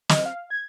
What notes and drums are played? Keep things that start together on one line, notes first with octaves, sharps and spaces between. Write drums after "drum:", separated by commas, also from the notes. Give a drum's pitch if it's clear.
D#5, drum: snare
F5
G#6